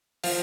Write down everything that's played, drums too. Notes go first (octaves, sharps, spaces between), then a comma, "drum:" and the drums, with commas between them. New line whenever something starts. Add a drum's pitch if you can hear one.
F3 F5, drum: open hi-hat